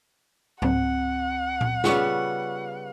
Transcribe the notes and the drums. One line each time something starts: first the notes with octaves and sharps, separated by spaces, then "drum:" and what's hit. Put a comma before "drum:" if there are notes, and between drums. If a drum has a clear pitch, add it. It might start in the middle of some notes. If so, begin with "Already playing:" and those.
C#2 C4 F#5, drum: tom
drum: tom A#2
C#3 G3 B3 F4 C#6, drum: snare